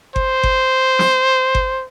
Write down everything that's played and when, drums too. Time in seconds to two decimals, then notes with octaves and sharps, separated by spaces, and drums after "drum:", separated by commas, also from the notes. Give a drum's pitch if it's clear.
0.16 C5, drum: kick G1
0.43 drum: kick G1
0.99 drum: snare
1.55 drum: kick G1